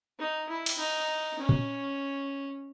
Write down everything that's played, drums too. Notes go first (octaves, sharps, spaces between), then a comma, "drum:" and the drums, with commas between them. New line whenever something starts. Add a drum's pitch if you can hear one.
D#4
E4
drum: cymbal
D#4
C#4
drum: tom A#2